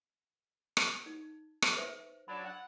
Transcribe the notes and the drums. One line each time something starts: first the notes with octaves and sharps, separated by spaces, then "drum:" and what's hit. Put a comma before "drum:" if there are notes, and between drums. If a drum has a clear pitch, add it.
drum: rim click
D#4
drum: rim click
B4 C5 E5
F#3 D4 B5
F#5